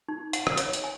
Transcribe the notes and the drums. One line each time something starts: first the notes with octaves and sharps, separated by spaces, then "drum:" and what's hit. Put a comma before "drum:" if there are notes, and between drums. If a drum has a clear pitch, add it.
D#4
F#5, drum: hi-hat
drum: rim click
C#5, drum: hi-hat
drum: hi-hat
G#5